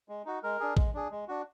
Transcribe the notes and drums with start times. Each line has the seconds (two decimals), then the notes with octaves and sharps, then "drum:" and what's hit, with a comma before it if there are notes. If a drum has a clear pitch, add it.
0.09 G#3
0.25 D#4 F#4
0.43 G#3 A#4
0.60 D4 G#4
0.77 G#3, drum: kick A1
0.94 D4 G#4
1.11 G#3
1.28 D4 F#4